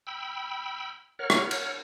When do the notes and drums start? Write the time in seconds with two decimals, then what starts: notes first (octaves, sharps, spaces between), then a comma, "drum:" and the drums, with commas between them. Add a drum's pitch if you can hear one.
0.07 G5 B5 E6
1.19 A#4 C#5 F#5 F6
1.30 drum: rim click
1.51 drum: cymbal